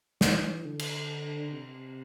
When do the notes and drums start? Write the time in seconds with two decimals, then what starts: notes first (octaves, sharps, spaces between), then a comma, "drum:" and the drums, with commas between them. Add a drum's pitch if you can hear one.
0.21 E3, drum: snare
0.65 D3
0.79 drum: cymbal
1.53 C3